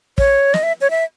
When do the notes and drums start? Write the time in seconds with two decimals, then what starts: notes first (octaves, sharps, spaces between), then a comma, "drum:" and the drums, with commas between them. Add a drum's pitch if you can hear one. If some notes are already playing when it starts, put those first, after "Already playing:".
0.18 C#5, drum: kick
0.54 D#5, drum: snare
0.63 E5
0.81 C#5
0.90 E5